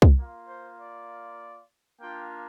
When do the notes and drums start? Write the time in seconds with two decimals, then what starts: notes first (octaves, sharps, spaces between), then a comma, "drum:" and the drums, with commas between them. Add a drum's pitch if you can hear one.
0.02 drum: kick
0.18 A#3 F4
0.48 C5
0.79 D5
2.01 A#3 D4 F4 G5